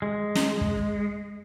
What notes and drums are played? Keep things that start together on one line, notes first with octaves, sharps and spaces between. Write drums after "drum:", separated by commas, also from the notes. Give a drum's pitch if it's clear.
G#3
drum: snare
drum: kick